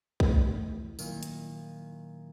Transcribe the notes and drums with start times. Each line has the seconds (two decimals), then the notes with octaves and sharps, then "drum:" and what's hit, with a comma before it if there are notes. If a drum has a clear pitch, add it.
0.20 E3 A3 E4, drum: kick A#1
0.99 A#2 D#3 F#3 E4 F4, drum: tambourine
1.23 drum: hi-hat